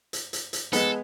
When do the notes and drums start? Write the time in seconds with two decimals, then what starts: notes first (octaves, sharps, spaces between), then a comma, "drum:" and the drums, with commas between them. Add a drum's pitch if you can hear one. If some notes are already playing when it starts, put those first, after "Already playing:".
0.13 drum: hi-hat
0.33 drum: hi-hat
0.53 drum: hi-hat
0.73 G#3 B3 A4, drum: hi-hat